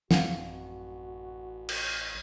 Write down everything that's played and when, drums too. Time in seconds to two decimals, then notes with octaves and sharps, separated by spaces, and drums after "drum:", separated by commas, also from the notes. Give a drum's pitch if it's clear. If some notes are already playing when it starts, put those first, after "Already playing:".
0.11 A1 F#2 F3 C4 F#4 F5 F#5, drum: snare
1.69 drum: cymbal